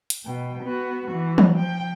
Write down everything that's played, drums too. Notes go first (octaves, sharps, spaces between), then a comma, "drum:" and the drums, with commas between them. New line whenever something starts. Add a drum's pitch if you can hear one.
drum: hi-hat
B2 G5
B3 F#4
E3 F#4
drum: tom E3
F3 G5